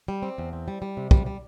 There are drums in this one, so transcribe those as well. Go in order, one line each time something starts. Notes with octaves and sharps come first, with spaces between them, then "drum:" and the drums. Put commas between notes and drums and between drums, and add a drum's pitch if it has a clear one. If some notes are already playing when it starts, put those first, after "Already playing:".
G3
C4
E2
C4
G3
G3
C3
G3, drum: kick
G3